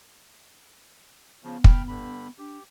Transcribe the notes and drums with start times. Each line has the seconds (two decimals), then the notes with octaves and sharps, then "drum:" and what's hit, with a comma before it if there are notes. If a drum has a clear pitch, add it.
1.44 C#3 F3 B3
1.64 G5 B5 F6, drum: kick
1.88 G2 D3 B5
2.38 D4 G4